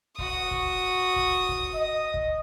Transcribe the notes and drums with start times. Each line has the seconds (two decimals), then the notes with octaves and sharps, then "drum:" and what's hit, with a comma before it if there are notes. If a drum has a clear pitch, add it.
0.18 F#4 D#6, drum: kick
0.51 drum: kick
1.16 drum: kick
1.49 drum: kick
1.74 D#5
2.14 drum: kick